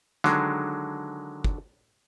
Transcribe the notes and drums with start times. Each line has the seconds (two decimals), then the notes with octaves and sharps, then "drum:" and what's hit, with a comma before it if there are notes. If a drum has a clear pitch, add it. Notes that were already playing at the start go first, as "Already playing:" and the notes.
0.24 D3 D#3 F#3 G#3, drum: snare
1.44 drum: kick